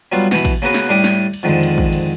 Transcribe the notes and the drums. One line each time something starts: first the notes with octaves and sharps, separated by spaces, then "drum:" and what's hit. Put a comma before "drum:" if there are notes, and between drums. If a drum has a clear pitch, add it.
F#3 G3 B3 F4
B2 E3 B5, drum: snare
drum: kick, cymbal
C#3 A#3 B3 F#4 B4
drum: snare
A2 G3 D4 G4 D6 D#6
drum: snare
drum: cymbal
F2 G#2 D3 D#3
drum: cymbal
drum: kick
drum: cymbal